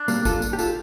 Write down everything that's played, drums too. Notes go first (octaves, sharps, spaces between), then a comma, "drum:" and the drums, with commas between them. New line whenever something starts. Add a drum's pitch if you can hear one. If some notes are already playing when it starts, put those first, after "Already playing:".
Already playing: D4
G3 A#3, drum: tambourine
F4 A4, drum: kick, tambourine
drum: tambourine
G4
F4 A4, drum: tambourine